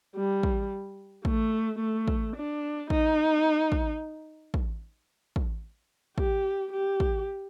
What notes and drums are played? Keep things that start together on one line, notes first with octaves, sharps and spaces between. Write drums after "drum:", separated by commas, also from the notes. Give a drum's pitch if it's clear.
G3
drum: kick
A3, drum: kick
A3
drum: kick
D4
D#4, drum: kick
drum: kick
drum: kick
drum: kick
G4, drum: kick
G4
drum: kick